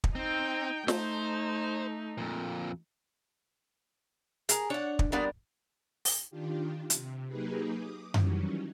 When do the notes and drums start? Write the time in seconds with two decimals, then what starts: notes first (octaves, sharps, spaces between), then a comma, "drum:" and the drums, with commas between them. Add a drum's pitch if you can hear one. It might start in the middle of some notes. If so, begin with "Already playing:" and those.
0.04 drum: kick
0.15 C4 D#4 G5
0.88 A3 D#4 C5, drum: snare
2.18 F2 A#2
4.49 G#4 A#4, drum: hi-hat
4.70 D4 C#5 F#5
4.99 drum: kick
5.12 G3 B3 D4 F4 F#4 A#4
6.05 drum: open hi-hat
6.30 D#3 D4 F4 G4
6.90 C3, drum: hi-hat
7.28 F#3 A#3 D#4 G4 G#4 B4
7.73 D6 D#6
8.14 D#3 E3 F#3 G3 C#4, drum: tom F#2